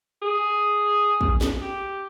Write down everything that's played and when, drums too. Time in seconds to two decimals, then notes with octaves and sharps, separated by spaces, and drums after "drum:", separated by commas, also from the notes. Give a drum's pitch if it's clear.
0.22 G#4
1.21 drum: kick
1.41 drum: snare
1.61 G4